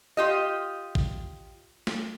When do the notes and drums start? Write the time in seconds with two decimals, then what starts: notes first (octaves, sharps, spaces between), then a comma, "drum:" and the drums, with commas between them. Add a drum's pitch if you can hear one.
0.17 F4 G4 D#5
0.95 drum: kick A1
1.87 drum: snare